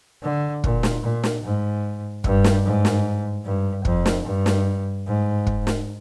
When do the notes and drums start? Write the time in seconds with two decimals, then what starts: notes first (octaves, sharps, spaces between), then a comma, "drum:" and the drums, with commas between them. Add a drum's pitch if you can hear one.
0.23 D3
0.64 A#2, drum: kick
0.83 drum: snare
1.03 A#2
1.24 drum: snare
1.43 G#2
2.24 G2, drum: kick
2.44 drum: snare
2.65 G#2
2.85 drum: snare
3.45 G2
3.85 F2, drum: kick
4.06 drum: snare
4.25 G2
4.46 drum: snare
5.06 G#2
5.47 drum: kick
5.67 drum: snare